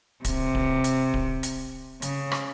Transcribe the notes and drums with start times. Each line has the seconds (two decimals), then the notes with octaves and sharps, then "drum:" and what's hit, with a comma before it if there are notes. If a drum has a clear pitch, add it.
0.25 C3, drum: kick D1, hi-hat
0.55 drum: kick D1
0.84 drum: hi-hat
1.14 drum: kick D1
1.43 drum: hi-hat
2.02 C#3, drum: hi-hat
2.32 drum: rim click